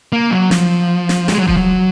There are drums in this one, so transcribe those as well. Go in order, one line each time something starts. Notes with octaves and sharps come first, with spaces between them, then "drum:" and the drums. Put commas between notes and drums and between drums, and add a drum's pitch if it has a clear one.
A#3
F#3
F3, drum: snare
drum: snare
G#3, drum: snare
F#3
F3, drum: kick D#1
F#3